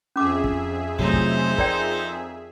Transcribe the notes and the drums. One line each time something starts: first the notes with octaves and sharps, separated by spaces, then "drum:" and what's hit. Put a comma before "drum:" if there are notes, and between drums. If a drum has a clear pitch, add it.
F2 C#4 G#4 E5 D6
drum: kick
C3 F#3 A3 D#4 C5, drum: kick
drum: kick
A#4 D5 G5 A#5, drum: kick